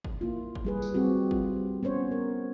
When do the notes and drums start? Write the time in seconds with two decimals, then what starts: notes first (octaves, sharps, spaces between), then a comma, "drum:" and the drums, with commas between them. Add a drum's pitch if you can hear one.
0.04 drum: kick
0.21 A#3 E4 F4
0.55 drum: kick
0.65 G3 G#4 B4
0.82 drum: tambourine
0.94 G3 C4 F#4 G4
1.31 F4, drum: kick
1.83 B3 C#4 C5 C#5
2.12 A#4